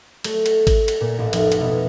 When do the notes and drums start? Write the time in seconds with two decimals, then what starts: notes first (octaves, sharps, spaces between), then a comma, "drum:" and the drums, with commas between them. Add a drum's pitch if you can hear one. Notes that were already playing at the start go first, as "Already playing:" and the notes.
0.24 A3, drum: cymbal
0.46 drum: cymbal
0.67 drum: kick G#1, cymbal
0.88 drum: cymbal
1.01 A#2
1.18 A1
1.33 F1, drum: cymbal
1.52 drum: cymbal
1.61 B2